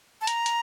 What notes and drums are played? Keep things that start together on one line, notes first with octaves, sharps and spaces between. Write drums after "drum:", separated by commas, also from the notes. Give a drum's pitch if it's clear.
A5
A#5, drum: hi-hat
drum: hi-hat